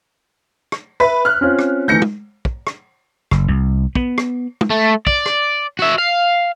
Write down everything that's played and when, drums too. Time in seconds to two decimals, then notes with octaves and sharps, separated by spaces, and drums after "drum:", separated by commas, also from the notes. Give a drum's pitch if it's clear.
0.72 drum: rim click
1.00 B4 E5 B6
1.25 F6 F#6
1.41 C4 C#4 F4
1.59 drum: rim click
1.88 E3 A3 G6 A#6 C#7
2.02 drum: tom
2.45 drum: kick
2.67 drum: rim click
3.31 F#1, drum: rim click
3.48 C2
3.95 B3, drum: kick
4.18 drum: rim click
4.61 drum: tom
4.70 A3
5.07 D5, drum: kick
5.26 drum: rim click
5.79 F#4 E5
5.98 F5